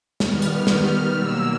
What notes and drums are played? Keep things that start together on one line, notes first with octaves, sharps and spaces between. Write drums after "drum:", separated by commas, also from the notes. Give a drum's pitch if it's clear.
D#3 G3 B3 F6, drum: snare
drum: hi-hat
F6, drum: snare
B2 F#3 A#3 E6